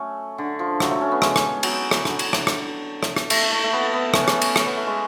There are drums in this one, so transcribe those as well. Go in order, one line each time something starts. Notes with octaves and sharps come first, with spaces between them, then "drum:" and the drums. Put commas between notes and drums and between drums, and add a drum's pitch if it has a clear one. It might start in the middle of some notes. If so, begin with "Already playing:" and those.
Already playing: F#3 A3 C#4
D3
F3
F#3, drum: rim click
A3
C#4
B3
G#3, drum: rim click
drum: rim click
F#3, drum: cymbal
drum: rim click
D3, drum: rim click
drum: cymbal
drum: rim click
drum: rim click
drum: rim click
drum: rim click
A3, drum: cymbal
A3
A3
B3
B3
C#4, drum: rim click
drum: rim click
drum: cymbal
C#4, drum: rim click
B3
A3
G#3